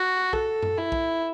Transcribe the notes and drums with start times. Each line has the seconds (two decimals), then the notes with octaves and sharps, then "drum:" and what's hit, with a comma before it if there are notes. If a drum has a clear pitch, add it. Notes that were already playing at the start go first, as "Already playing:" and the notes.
Already playing: F#4
0.33 A4, drum: kick
0.63 drum: tom F#2
0.78 E4
0.92 drum: kick